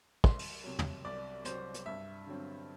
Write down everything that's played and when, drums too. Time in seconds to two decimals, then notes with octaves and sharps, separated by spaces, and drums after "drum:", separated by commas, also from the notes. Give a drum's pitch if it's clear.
0.24 C2 C6, drum: kick
0.39 drum: open hi-hat
0.64 C3 F#3
0.79 drum: tom
1.05 C2 D5
1.45 C3 F#3 C5, drum: hi-hat
1.74 drum: hi-hat
1.86 G2 E5
2.26 D3 F#3 C4